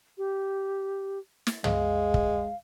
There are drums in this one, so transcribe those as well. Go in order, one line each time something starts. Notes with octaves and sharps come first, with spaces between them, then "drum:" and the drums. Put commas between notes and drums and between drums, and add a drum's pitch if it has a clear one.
G4
drum: snare
G#3 F5, drum: tom
drum: kick